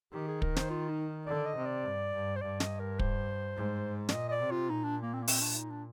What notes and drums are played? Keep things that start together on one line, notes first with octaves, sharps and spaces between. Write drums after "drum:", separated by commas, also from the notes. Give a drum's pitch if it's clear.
D#3 G4
G#4
A#4, drum: kick
C5, drum: snare
F4
D#4
D3 D5
D#5
C3
D5
G2
G2
C5
G2 D5
D#5, drum: snare
A#4
C5, drum: kick
G#2
D5, drum: snare
A#2 D#5
D#5
D5
C3
F4
A#2 D#4
D4
A#3
C4
A#3
C4, drum: open hi-hat
D4
D#4
D4